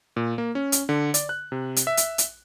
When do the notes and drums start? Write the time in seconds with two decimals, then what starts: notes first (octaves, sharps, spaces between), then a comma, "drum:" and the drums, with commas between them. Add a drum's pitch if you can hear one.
0.16 A#2
0.38 A#3
0.55 C#4
0.72 drum: hi-hat
0.89 D3
1.14 D5, drum: hi-hat
1.29 F#6
1.52 C3
1.76 drum: hi-hat
1.87 E5
1.97 drum: hi-hat
2.18 drum: hi-hat